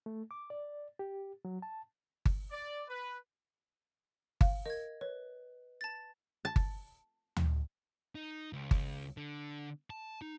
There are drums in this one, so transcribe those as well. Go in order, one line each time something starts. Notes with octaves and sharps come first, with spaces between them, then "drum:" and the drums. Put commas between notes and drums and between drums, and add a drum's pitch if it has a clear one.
A3
D6
D5
G4
F#3
A5
drum: kick G1
D5
B4
F5, drum: kick G1
A#4 D#5 G#6
B4 C#5
A5 A6
A5
drum: kick G1
drum: tom D2
D#4
C#2
drum: kick G1
D3
A5
D#4